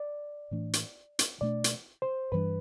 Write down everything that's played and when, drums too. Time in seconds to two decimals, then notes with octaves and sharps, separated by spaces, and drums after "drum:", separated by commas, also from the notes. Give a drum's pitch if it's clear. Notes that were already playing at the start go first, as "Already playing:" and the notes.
Already playing: D5
0.51 A2 E3 A3 D4
0.73 drum: hi-hat
1.19 drum: hi-hat
1.41 B2 A3 D4 D5
1.64 drum: hi-hat
2.02 C5
2.32 G2 E3 G3 D4 B4